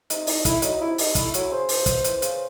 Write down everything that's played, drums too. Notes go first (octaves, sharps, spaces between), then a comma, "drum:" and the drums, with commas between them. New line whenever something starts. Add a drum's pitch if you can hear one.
C3 D#4, drum: hi-hat
C2 D#4, drum: open hi-hat
A3 E4, drum: kick, hi-hat
F#3 D#4, drum: hi-hat
C3 E4
C2 D#4, drum: open hi-hat
A3 E4, drum: kick, hi-hat
F#3 E4, drum: hi-hat
C#3 C5
C#2, drum: open hi-hat
C#2, drum: kick, hi-hat
E3, drum: hi-hat
C#3, drum: hi-hat